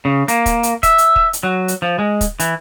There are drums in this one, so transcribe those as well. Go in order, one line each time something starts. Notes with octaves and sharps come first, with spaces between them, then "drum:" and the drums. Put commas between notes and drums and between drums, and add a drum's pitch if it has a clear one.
C#3
A#3, drum: hi-hat
drum: kick, hi-hat
drum: hi-hat
E5, drum: kick, hi-hat
drum: hi-hat
drum: kick
drum: hi-hat
F#3
drum: hi-hat
F3
G#3
drum: kick, hi-hat
E3, drum: hi-hat